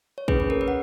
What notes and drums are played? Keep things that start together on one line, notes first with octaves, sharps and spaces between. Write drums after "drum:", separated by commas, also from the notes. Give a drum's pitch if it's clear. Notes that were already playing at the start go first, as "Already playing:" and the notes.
C#5
C#4 G#4 B4, drum: kick
B4
A#4
B4
F#5